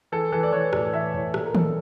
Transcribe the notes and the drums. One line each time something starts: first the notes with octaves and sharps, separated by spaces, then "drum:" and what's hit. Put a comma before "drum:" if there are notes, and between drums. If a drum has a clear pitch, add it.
E3 A4
E3 A4
D5
E3 C#5
A2 D5, drum: rim click
E3 E5
A2 C#5
A#2 A4, drum: rim click
A#4
A#2 A4, drum: tom D#3